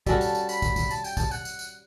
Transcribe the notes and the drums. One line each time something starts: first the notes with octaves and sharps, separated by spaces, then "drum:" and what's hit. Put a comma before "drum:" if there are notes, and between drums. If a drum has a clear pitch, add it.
G3 C#4 F#4 A4 A5, drum: kick, tambourine
drum: tambourine
drum: tambourine
B5, drum: tambourine
drum: kick, tambourine
drum: kick, tambourine
A5, drum: tambourine
G5, drum: tambourine
A5, drum: kick, tambourine
F#5, drum: tambourine
drum: tambourine
drum: tambourine